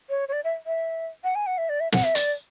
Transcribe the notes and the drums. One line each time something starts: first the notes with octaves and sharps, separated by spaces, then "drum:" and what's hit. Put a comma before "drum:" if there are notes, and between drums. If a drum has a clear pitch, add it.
C#5
C#5
D5
E5
E5
F#5
G#5
F#5
E5
D5
E5
F#5, drum: snare
E5
D5, drum: hi-hat